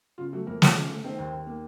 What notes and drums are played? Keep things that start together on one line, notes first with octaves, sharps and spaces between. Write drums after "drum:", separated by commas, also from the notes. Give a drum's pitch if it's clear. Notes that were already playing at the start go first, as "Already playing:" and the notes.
C#3 F4
F#3 A3 F#4
F2 A#3 A#4
F3, drum: snare
C#3
A3
D#3 C4 C5
D#2
D#2
A#3